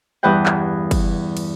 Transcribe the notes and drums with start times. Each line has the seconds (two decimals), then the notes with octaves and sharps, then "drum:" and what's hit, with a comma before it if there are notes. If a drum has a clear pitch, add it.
0.23 E2 G2 E3 B4 F#5 G5
0.46 drum: clap
0.91 drum: kick, cymbal
1.37 drum: cymbal